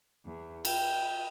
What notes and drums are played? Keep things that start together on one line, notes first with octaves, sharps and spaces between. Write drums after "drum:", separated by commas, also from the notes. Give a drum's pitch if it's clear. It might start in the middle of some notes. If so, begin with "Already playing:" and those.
E2
G5, drum: cymbal